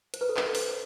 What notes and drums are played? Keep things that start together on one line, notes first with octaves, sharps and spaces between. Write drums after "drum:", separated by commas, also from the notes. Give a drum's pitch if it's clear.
C5, drum: hi-hat
B4
A4
B4, drum: clap
C5, drum: open hi-hat